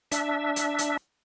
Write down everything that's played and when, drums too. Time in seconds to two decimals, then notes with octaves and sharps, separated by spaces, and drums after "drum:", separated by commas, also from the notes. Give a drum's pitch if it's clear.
0.12 D4 E5, drum: hi-hat
0.56 drum: hi-hat
0.78 drum: hi-hat